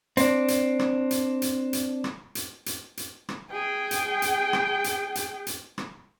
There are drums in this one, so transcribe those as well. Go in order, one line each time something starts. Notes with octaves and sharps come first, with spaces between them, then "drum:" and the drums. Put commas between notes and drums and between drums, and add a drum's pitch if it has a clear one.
C4 D4, drum: hi-hat
drum: hi-hat
drum: rim click
drum: hi-hat
drum: hi-hat
drum: hi-hat
drum: rim click
drum: hi-hat
drum: hi-hat
drum: hi-hat
drum: rim click
G#4 G5
drum: hi-hat
drum: hi-hat
drum: rim click
drum: hi-hat
drum: hi-hat
drum: hi-hat
drum: rim click